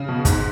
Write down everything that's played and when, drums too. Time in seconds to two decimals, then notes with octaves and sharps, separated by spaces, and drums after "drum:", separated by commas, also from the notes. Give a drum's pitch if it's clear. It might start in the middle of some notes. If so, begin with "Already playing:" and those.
Already playing: C#3
0.08 B2
0.25 G#2, drum: kick, hi-hat